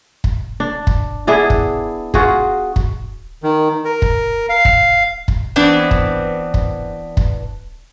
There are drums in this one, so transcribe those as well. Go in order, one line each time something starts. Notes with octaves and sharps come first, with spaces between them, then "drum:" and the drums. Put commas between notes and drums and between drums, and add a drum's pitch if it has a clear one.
drum: kick
D4
drum: kick
B3 D4 E4 G#4
drum: kick
F4 F#4 G#4, drum: kick
drum: kick
D#3
A#4
drum: kick
F5
drum: kick
drum: kick
E3 B3 C4 D4
drum: kick
drum: kick
drum: kick